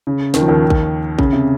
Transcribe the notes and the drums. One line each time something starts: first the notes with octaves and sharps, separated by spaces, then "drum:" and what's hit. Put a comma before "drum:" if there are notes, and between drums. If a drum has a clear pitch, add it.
C#3
D#2 D#3, drum: snare
F3
D#2 D#3
drum: kick A1
C#3, drum: kick A1
C3